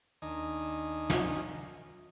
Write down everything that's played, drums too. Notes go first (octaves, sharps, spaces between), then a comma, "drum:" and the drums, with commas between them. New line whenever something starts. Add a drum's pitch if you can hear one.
D#2 D#3 D4 D#4 D#5 G#5
drum: snare